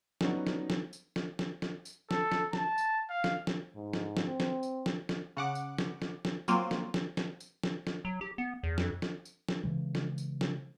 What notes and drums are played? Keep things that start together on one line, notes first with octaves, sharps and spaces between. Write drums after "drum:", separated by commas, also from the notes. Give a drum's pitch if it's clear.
F#3 G3 B3 C#4 D#4, drum: snare
drum: snare
drum: snare
drum: tambourine
drum: snare
drum: snare
drum: snare
drum: tambourine
A4, drum: snare
drum: snare
A5, drum: snare
drum: tambourine
F5
drum: snare
drum: snare
G#2
drum: snare
drum: snare
C4
drum: snare
drum: tambourine
drum: snare
drum: snare
C#3 F#5 D6
drum: tambourine
drum: snare
drum: snare
drum: snare
F#3 A#3 C4 F4, drum: tambourine
drum: snare
drum: snare
drum: snare
drum: tambourine
drum: snare
drum: snare
F#3
G4
B3
E2
F2, drum: snare
drum: snare
drum: tambourine
drum: snare
C#3 E3 G#3
drum: snare
drum: tambourine
drum: snare